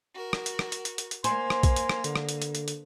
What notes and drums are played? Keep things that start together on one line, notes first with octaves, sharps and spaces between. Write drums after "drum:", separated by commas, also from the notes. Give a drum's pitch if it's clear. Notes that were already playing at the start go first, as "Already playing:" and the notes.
F#4 A#4
drum: rim click
drum: hi-hat
drum: rim click
drum: hi-hat
drum: hi-hat
drum: hi-hat
drum: hi-hat
A#3 C5 G#5 C6, drum: hi-hat
drum: rim click
drum: kick A#1, hi-hat
drum: hi-hat
drum: rim click
D3, drum: hi-hat
drum: rim click
drum: hi-hat
drum: hi-hat
drum: hi-hat
drum: hi-hat